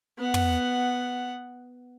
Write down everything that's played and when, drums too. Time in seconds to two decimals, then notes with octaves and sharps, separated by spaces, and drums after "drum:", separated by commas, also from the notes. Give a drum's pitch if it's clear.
0.19 B3 F#5
0.34 drum: tom